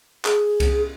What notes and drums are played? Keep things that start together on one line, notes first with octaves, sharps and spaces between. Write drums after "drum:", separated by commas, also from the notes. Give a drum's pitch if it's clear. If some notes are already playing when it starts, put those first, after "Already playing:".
G#4, drum: clap
drum: kick C2, cymbal